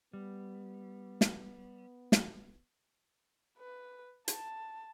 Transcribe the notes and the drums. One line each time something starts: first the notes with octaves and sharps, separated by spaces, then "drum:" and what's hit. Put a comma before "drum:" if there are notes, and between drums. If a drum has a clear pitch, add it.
G3 B3
drum: snare
drum: snare
B4
A5, drum: hi-hat